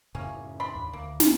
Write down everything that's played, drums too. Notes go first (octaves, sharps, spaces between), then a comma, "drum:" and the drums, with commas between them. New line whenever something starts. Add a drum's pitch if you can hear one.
F#2 A2 C#3 A#3 C#4
D4 B5 C6
D#2
D2 A#3
drum: snare